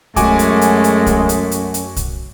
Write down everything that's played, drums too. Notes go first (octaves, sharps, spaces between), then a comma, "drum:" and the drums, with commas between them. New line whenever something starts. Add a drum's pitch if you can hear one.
F#2 G#3 A3 F#4 G#5 D6, drum: kick, hi-hat
drum: hi-hat
drum: hi-hat
drum: hi-hat
drum: kick, hi-hat
drum: hi-hat
drum: hi-hat
drum: hi-hat
drum: kick, hi-hat